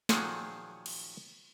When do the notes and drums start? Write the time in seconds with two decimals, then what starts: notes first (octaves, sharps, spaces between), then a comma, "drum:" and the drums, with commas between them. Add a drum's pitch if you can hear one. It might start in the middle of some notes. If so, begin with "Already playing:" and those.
0.09 A#2 D#3 F3 F#3 F#4 G#4, drum: snare
0.86 drum: cymbal